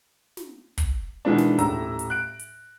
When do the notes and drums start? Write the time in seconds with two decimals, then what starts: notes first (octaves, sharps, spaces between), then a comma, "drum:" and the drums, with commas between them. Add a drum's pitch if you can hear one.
0.37 drum: snare
0.78 drum: kick, hi-hat
1.25 B2 D#3 E3 G#3 B3 D4
1.38 drum: snare
1.58 D#1 A2 A#5 E6, drum: hi-hat
1.99 drum: hi-hat
2.10 F#6 D7
2.39 drum: hi-hat